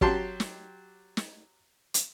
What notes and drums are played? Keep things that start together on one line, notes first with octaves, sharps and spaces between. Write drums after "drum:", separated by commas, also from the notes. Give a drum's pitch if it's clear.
F#3 G4 A5 C6, drum: kick
drum: snare
drum: snare
drum: hi-hat